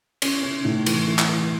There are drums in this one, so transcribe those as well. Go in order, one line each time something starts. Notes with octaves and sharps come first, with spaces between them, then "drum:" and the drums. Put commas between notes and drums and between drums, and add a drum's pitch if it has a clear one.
C#4, drum: cymbal
C#4
A2
E3, drum: cymbal
E3
drum: clap
E3